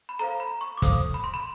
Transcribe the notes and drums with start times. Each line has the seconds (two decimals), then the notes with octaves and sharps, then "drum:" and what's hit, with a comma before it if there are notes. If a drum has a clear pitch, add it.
0.09 B5
0.19 A4 C5 F5 A#5
0.40 B5
0.61 C#6
0.77 D6
0.82 A4 C5 F5 D#6, drum: kick, hi-hat
1.14 B5
1.24 C6
1.34 B5